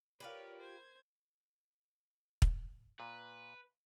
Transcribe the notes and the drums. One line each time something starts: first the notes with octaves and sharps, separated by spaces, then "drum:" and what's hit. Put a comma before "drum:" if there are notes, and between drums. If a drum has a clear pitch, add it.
F4 G4 A#4 B4 C#5 D5
C5 G#6
drum: kick
A#2 B4